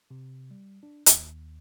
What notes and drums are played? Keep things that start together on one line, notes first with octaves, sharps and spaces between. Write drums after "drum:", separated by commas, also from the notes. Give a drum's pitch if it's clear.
C3
G3
D4
D#2, drum: hi-hat